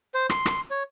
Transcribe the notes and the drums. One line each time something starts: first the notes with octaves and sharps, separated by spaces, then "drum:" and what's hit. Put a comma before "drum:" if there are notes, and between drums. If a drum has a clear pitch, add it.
C5
C6, drum: rim click
drum: rim click
C#5